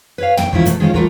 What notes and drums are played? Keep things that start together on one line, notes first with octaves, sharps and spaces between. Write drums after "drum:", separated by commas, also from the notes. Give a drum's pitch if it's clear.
B4 C#5 F5
G5, drum: tom
G#2 D#3 F3 C#4 E4 F4, drum: kick
B2 D#3 F#3 A3, drum: hi-hat
D#3 G#3 C#4 F4 C5
G3 A3 F4 F#4 A#4 A#5, drum: kick